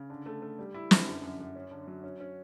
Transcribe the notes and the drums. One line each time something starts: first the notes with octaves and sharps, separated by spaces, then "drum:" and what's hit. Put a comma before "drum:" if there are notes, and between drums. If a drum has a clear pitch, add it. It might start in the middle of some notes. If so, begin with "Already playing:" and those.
Already playing: C#3
D3
A3
A3
G3
E4
D3, drum: snare
F#2
F#2
F#2
C#4
D3
F#3
C#4
C#4